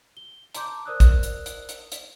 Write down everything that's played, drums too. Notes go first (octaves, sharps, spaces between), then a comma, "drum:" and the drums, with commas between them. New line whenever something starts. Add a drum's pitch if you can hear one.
G7
A5 A#5 C6 D6 G6, drum: hi-hat
A#4 C5 D5 D#6 E6 F#6
drum: kick, hi-hat
drum: hi-hat
drum: hi-hat
drum: hi-hat
drum: hi-hat